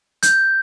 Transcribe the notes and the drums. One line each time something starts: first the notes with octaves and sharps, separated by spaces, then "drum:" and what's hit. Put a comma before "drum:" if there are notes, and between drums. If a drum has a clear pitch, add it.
G6, drum: hi-hat